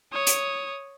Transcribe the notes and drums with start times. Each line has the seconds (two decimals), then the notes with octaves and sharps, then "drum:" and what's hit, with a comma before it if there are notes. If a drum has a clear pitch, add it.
0.12 C#5 D#6
0.27 drum: hi-hat